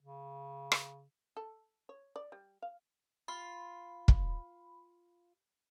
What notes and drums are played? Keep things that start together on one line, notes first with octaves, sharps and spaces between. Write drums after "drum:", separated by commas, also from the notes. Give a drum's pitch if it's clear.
C#3
drum: rim click
A4
C#5
D5
G3
F5
F4 B5
drum: kick